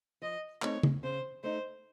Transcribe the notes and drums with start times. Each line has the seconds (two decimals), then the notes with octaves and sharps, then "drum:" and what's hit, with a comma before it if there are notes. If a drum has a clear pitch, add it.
0.22 F3 D#5
0.62 A3 C4 D#4 C#5, drum: clap
0.83 drum: tom C#3
1.03 C#3 C5
1.43 A3 D#4 C5